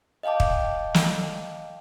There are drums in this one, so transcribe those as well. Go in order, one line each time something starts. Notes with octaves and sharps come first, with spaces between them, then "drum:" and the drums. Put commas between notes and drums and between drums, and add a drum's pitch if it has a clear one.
D#5 F5 G5 A5 D6
drum: kick
drum: snare